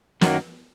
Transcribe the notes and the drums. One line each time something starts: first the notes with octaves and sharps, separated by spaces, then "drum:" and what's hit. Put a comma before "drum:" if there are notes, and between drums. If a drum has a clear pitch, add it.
F#2 D#3 F#3 A#3, drum: snare